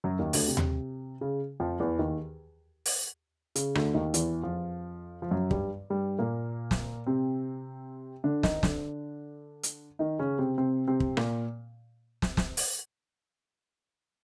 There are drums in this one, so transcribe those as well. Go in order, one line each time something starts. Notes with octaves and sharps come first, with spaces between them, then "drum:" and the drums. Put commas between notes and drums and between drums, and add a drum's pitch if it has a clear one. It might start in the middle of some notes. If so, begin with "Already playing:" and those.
F#2 F#3
D#2 D#3
D2 D3, drum: open hi-hat
C3
drum: tom D#2
C#3
F2 F3
E2 E3
D#2 D#3
drum: open hi-hat
C#3, drum: hi-hat
D2 D3, drum: rim click
D#2 D#3
E2 E3, drum: hi-hat
F2 F3
F3
F#2 F#3
G2 G3, drum: kick
G2 G3
A#2 A#3
drum: snare
C3 C4
D3 D4
D#3 D#4, drum: snare
D3 D4, drum: snare
drum: hi-hat
D#3 D#4
C#3 C#4
C3 C4
C3 C4
C3 C4
drum: kick
A#2 A#3, drum: rim click
drum: snare
drum: snare
drum: open hi-hat